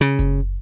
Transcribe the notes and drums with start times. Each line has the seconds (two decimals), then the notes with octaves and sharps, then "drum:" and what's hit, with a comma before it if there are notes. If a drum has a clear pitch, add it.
0.01 C#3
0.19 drum: kick F#1, hi-hat